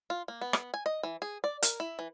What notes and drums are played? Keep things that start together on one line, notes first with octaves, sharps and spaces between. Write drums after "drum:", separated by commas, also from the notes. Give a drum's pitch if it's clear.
F4
A#3
B3
drum: rim click
G#5
D#5
E3
G#4
D5
A#4, drum: hi-hat
E4
E3